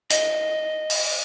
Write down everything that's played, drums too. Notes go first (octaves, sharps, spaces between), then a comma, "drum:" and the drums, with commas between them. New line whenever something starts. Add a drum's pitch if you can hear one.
D#5, drum: hi-hat
drum: open hi-hat